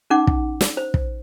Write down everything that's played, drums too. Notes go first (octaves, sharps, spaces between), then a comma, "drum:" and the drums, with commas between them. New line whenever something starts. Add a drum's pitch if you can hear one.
C#4 D#4 F#5 D6
drum: kick
drum: snare
C5
drum: kick